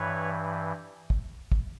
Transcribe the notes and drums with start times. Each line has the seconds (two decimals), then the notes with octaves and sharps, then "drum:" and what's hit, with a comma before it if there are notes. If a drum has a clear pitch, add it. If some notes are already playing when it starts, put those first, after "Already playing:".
Already playing: G2 E3 B4 C#5
1.10 drum: kick
1.52 drum: kick